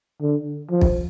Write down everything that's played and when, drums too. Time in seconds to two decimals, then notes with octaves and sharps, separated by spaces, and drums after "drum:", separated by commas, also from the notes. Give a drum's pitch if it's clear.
0.22 D3
0.71 F3
0.81 drum: kick